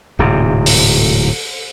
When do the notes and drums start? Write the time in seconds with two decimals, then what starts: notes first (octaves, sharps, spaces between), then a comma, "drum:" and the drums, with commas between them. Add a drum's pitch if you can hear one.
0.19 D1 G#2 C3
0.66 drum: open hi-hat